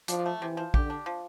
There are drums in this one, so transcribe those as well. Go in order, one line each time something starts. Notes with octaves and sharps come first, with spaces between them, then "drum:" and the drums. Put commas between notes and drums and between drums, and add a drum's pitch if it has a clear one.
F3 D4, drum: hi-hat
A3
C3 E3
F3
D3 G4, drum: kick
D4
F3